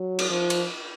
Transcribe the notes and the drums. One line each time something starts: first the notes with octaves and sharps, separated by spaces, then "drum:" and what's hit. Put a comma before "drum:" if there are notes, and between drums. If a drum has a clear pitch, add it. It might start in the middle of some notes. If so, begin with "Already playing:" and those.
Already playing: F#3
drum: cymbal
F3
drum: cymbal